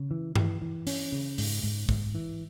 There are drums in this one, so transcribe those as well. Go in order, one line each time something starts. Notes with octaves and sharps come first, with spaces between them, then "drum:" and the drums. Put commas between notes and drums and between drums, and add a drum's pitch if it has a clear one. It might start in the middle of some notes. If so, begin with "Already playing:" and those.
Already playing: C#3
E3
E3, drum: tom G2
E3
C#4, drum: open hi-hat
C#3
G#2, drum: open hi-hat
G#2
G#2, drum: kick
E3